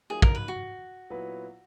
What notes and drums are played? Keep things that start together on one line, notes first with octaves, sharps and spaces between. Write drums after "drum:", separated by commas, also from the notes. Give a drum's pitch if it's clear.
F#3 A#3 D#4 G#4
A#4, drum: kick
B4
F#4
A#2 F#3 B3 E4 B4